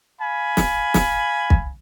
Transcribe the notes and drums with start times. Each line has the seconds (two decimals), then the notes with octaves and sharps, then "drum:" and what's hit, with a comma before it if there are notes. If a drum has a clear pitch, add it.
0.20 F5 G#5 B5
0.57 drum: snare
0.94 drum: snare
1.50 drum: kick